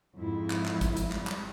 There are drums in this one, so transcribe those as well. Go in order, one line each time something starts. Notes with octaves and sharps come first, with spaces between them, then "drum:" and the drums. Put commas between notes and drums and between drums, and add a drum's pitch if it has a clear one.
F2 G#2 E4
drum: clap
drum: clap
drum: kick, hi-hat
drum: hi-hat
G3, drum: clap
drum: clap